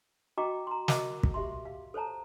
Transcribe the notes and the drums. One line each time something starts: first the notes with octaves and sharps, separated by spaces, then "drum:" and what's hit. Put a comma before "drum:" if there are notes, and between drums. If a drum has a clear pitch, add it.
F#4 D#5 G5 A#5 C#6 D6
A#5 C6
F#4 A#4 D#5 F#5 D6, drum: snare
drum: kick
G4 E5 C6
F5
A4 C5 C#5 A5 A#5